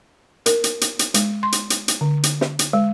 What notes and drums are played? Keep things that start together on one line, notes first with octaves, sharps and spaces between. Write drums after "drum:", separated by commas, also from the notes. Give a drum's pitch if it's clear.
A#4, drum: hi-hat
drum: hi-hat
drum: hi-hat
drum: hi-hat
G#3, drum: hi-hat
C6
drum: hi-hat
drum: hi-hat
drum: hi-hat
D3
drum: hi-hat
drum: snare
drum: hi-hat
G#3